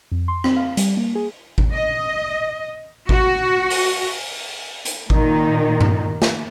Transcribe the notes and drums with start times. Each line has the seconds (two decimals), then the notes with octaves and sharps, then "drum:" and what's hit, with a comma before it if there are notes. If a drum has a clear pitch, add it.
0.12 F2
0.28 C6
0.44 C4, drum: rim click
0.56 F5
0.77 G3, drum: hi-hat
0.97 A#3
1.15 G#4
1.58 drum: kick G#1
1.73 D#5
3.09 F#4, drum: kick G#1
3.70 drum: open hi-hat
4.85 drum: hi-hat
5.10 A#2 D#3 D#4, drum: kick G#1
5.81 drum: tom G2
6.22 drum: snare